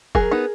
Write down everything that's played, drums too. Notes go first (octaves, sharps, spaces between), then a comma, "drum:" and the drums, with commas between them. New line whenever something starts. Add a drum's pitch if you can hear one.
F#3 G#4 A#4, drum: kick
B3 D#4